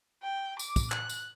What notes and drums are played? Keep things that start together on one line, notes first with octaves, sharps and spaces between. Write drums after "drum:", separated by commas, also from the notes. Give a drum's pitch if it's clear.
G5
D6, drum: tambourine
drum: kick, tambourine
F#6, drum: clap
drum: tambourine